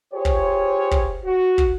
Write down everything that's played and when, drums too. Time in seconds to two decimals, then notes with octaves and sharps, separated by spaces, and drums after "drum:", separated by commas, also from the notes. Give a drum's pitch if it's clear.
0.13 F4 G4 G#4 C5 C#5
0.25 drum: kick
0.91 drum: kick
1.25 F#4
1.58 drum: kick